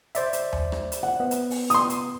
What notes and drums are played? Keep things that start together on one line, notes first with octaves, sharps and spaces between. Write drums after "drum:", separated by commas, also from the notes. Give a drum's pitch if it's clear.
C5 D5 E5, drum: hi-hat
drum: hi-hat
drum: tom D#2
drum: rim click
drum: hi-hat
F#5
B3
drum: hi-hat
drum: open hi-hat
C6 D#6, drum: hi-hat
drum: hi-hat